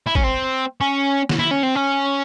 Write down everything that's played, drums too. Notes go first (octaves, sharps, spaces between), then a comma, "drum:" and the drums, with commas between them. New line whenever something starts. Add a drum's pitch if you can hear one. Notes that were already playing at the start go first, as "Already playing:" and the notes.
E4
C#4, drum: kick
C4
C#4
drum: snare
E4
C#4
C4
C#4